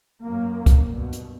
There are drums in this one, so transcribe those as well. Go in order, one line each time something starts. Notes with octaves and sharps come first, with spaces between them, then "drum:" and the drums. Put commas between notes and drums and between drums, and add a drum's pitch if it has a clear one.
F#2 A#3
drum: kick, hi-hat
G2 B2
drum: hi-hat